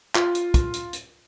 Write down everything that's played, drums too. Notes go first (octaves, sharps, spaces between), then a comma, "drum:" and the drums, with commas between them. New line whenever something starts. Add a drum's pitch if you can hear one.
F4, drum: clap
drum: hi-hat
drum: kick, hi-hat
drum: hi-hat
drum: hi-hat